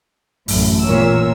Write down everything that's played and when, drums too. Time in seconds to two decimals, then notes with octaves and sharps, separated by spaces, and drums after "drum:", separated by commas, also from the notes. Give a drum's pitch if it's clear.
0.48 A1 F#2 A2, drum: open hi-hat
0.85 E2 A#2 A#4 C#5 E6